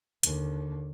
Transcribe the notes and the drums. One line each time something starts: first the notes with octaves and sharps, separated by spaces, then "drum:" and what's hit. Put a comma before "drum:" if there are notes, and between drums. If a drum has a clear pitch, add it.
D#2 D3, drum: hi-hat